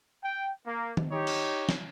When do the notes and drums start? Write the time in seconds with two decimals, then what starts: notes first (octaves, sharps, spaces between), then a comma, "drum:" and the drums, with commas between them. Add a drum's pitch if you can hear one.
0.24 G5
0.66 A#3
0.97 drum: tom D#3
1.12 D#4 G4 C#5
1.27 drum: cymbal
1.69 drum: snare